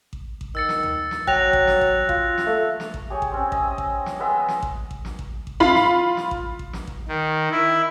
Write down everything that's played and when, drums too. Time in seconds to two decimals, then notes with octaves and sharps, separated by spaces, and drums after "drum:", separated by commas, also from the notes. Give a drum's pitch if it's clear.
0.13 drum: kick A1
0.41 drum: kick A1
0.55 D#3 E6 A6 C#7
0.69 drum: snare
0.83 drum: tom D2
1.11 drum: snare
1.27 F#3 G5 F#6 A#6 F7, drum: kick A1
1.53 drum: kick A1
1.67 drum: snare
1.81 drum: kick A1
2.09 F4, drum: kick A1
2.38 drum: snare
2.47 A3
2.80 drum: snare
2.94 drum: kick A1
3.10 G4 G#4 C#5
3.22 drum: kick A1
3.31 C4 C#4
3.52 D#5 E5, drum: kick A1
3.78 drum: kick A1
4.06 drum: snare
4.19 G#3 B3 D#5 E5
4.48 drum: snare
4.62 drum: kick A1
4.91 drum: kick A1
5.05 drum: snare
5.19 drum: kick A1
5.47 drum: kick A1
5.60 F4 B5
5.75 drum: snare
6.17 drum: snare
6.31 drum: kick A1
6.59 drum: kick A1
6.73 drum: snare
6.87 drum: kick A1
7.08 D#3
7.51 E4